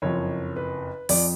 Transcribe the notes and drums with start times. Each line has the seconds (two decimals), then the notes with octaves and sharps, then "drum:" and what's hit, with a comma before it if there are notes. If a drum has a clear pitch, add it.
0.02 F#1 F2 F3 C#5
0.56 B4
1.09 F2 F3 D5, drum: open hi-hat